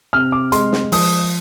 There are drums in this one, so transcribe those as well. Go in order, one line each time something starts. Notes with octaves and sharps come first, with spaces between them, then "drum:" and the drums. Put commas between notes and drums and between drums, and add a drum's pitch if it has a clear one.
C3 F6
D6
G#3 C6, drum: hi-hat
drum: snare
F3 D#6, drum: open hi-hat